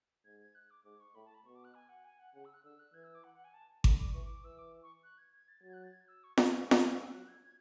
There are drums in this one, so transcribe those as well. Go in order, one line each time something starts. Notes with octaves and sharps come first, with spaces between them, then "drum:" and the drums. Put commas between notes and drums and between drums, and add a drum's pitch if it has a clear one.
G#2 G#6
G#6
F#6
D6
G#2 D6
C#6
A2 B5
A5
B5
B2 C#6
D6
F#6
G#5
F#5
G#5
F#5
C#3 F#5
E6
F#6
D3 E6
F#6
E3 G#6
E6
D6
F#5
F#5
G#5
A5
D3 B5, drum: kick G#1
D6
E3 C#6
D6
E3 E6
D6
C#6
F#6
G#6
G#6
A6
F#3 A6
G#6
F#6
A6
G#6
E6
C#6
C#6, drum: snare F4
E3
drum: snare F4
E3 D6
E6
F#3 F#6
G#6
G#6